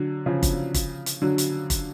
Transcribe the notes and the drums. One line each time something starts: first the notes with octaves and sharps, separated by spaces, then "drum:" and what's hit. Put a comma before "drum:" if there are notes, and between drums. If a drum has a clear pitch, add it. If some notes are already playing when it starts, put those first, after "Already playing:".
Already playing: D3 F#3
C#3 F3
drum: kick, hi-hat
drum: kick, hi-hat
drum: hi-hat
D3 F#3
drum: hi-hat
drum: kick, hi-hat